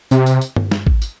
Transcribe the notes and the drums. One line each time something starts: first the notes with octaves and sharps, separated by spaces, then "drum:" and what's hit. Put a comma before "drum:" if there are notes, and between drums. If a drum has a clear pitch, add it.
C3, drum: tambourine
drum: tambourine
drum: tambourine
drum: tom G2
drum: snare
drum: kick
drum: tambourine